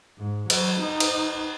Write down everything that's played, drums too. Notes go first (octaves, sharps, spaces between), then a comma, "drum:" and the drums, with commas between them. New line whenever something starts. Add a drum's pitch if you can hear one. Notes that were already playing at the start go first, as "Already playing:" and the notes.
G#2
F#3, drum: cymbal
D#4
drum: cymbal